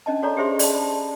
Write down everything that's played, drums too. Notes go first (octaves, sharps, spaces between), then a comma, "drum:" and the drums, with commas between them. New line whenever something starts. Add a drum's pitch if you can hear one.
C#4 D4 D#5 A5
F#4 A4 C#5 D5 A#5
G4 G#4 C5 E5 B5 C6
D5 A5, drum: open hi-hat
A5 B5